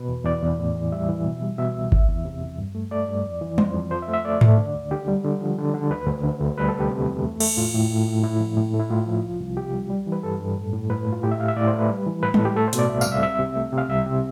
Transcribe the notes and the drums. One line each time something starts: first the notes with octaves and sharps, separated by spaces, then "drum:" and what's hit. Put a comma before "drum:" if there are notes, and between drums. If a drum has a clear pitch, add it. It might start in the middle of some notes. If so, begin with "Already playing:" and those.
Already playing: B2 B4
E2
E2 D5
E2
A2
E3
G3 E5
E3
B2
G3
B2 E5
C2
E2, drum: kick G1
E2
C3
E2
G2
A3
A3 D5
G2
F2
E3
F2 C5, drum: tom G3
F2
F3 C5
E5
A3
E5
A3 D5
A3, drum: tom G#2
D3
D2
D3 G4
G3
D3
F3
D3
D3
D2 B4
D2
D3
D2
G3 B4
A4
C3
G4
C3
E2
A3
A3, drum: cymbal
A2 F4
A2
A2
A2
A2 E4
F3
A2
A3
E4
A2 F4
F3
C2
C2
C3 G4
G3
G3
E3
B4
G2 A4
G2
A2
A2
A2 B4
A3
F4
A2 G4
E5
A3 F5
E5
A2 D5
C5
A3
B4
G3
E3
A2 B4
A4, drum: tom G3
A2
G4
A3 A4
C5
B2, drum: hi-hat
D5
C2 E5
C2 F5, drum: tambourine
E5
C3 E5
C3
A3
C3 F5
C2 E5
C3